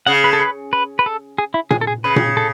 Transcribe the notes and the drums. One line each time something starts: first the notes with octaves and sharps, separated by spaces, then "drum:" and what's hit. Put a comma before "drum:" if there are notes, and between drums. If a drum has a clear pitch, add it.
C#3 F#5
B4
A4
B4
B4
B4
A4
G#4
E4
G#4, drum: tom A#2
A4
G#4
C#3 B4
drum: tom A#2
A4